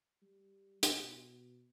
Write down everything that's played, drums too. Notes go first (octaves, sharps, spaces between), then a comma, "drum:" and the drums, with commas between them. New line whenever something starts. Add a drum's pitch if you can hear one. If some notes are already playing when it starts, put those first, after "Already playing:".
G3
B2, drum: hi-hat